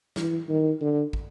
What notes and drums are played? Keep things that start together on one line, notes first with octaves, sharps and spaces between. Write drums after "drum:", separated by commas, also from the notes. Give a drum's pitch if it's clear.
E3, drum: snare
D#3
D3
drum: kick